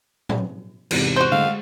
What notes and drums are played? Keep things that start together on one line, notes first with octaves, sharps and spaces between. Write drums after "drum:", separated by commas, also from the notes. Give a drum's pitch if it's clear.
drum: tom
E2 G#2 C3, drum: cymbal
F#4 C5
D3 G#3 A3 F5
G#3 G#4